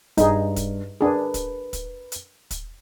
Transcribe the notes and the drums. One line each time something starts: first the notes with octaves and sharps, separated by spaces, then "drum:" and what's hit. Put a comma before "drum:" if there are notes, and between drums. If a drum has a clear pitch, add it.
G2 D#4 G#4, drum: kick, hi-hat
drum: kick, hi-hat
D4 G#4 A#4 B4
drum: kick, hi-hat
drum: kick, hi-hat
drum: hi-hat
drum: kick, hi-hat